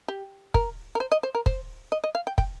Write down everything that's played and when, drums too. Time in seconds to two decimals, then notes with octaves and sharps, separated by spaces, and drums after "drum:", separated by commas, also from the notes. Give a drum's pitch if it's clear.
0.08 G4
0.54 A#4, drum: kick
0.95 A#4
1.00 C5
1.12 D#5
1.23 C5
1.35 A#4
1.46 C5, drum: kick
1.92 D#5
2.04 D#5
2.15 F5
2.27 G5
2.38 G5, drum: kick